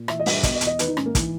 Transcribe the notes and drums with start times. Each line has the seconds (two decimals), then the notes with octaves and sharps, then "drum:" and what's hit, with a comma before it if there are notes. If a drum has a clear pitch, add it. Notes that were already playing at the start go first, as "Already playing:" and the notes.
Already playing: A#2
0.08 E3 E5, drum: rim click
0.20 D#5
0.26 G2, drum: open hi-hat
0.32 E5
0.43 B2 D#5, drum: kick, hi-hat
0.56 D#5
0.61 E2, drum: hi-hat
0.67 D#5
0.79 D#3 B4, drum: hi-hat
0.88 D#4
0.97 G#2 C#4, drum: rim click
1.06 A#3
1.15 E3, drum: kick, hi-hat